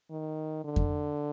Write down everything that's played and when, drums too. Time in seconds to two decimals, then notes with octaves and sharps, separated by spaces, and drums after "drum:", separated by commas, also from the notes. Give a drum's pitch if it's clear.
0.10 D#3
0.65 D3
0.76 drum: kick F2